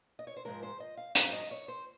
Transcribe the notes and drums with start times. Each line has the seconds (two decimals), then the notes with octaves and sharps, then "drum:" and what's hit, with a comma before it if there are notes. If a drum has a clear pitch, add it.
0.19 D#5
0.27 C#5
0.37 C5
0.45 G#2 F3 G#3 A#4
0.63 C5
0.80 D#5
0.97 F5
1.15 G#2 F#3 F5, drum: hi-hat
1.33 D#5
1.51 C#5
1.68 C5